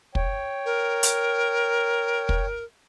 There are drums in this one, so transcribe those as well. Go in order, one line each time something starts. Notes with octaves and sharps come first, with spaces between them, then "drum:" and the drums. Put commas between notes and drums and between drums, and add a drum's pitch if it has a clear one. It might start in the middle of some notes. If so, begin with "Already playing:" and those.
C#5 G5, drum: kick
A#4
drum: hi-hat
drum: kick